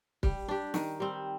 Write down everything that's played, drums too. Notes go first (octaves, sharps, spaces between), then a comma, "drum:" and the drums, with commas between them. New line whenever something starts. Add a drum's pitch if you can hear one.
G3, drum: kick
D4 G4
D#3, drum: snare
G3 C4